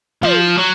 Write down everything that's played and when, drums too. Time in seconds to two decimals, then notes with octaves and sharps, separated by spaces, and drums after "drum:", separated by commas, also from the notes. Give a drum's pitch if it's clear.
0.23 F3, drum: tom
0.57 F#3